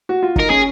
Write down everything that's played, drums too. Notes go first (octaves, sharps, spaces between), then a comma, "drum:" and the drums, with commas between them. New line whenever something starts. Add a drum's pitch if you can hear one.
F#4
F4
D#4 A#4, drum: kick
C#4 G#4